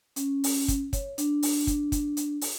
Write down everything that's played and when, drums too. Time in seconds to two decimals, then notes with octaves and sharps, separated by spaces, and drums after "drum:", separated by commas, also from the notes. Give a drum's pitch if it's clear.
0.16 C#4, drum: hi-hat
0.44 drum: open hi-hat
0.68 drum: kick, hi-hat
0.93 C#5, drum: kick, hi-hat
1.18 D4, drum: hi-hat
1.43 drum: open hi-hat
1.67 drum: kick, hi-hat
1.92 drum: kick, hi-hat
2.17 drum: hi-hat
2.41 drum: open hi-hat